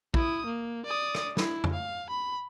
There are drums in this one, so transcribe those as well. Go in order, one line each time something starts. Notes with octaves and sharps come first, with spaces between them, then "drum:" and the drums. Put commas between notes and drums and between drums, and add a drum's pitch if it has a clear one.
E4 D#6, drum: kick
A#3
D5 D#6
drum: rim click
E4, drum: snare
drum: tom F2
F5
B5